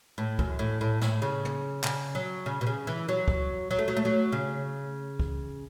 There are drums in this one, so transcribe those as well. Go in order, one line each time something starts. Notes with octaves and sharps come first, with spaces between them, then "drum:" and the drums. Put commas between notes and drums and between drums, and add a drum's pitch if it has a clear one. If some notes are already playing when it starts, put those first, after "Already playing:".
A2
F#2, drum: kick
A2
A2
A2, drum: snare
C#3
drum: tom
C#3, drum: clap
F#3
C#3
B2
C#3
E3
F#3
drum: kick
F#3
A3
F#3
A3
F#3
C#3
drum: kick